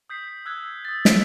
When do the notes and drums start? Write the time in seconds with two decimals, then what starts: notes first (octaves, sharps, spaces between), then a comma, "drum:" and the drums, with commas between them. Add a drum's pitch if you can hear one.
0.10 D#6 G6 B6 C7
0.46 E6 F#6 G#6
0.85 D#6 A6
1.05 B6, drum: snare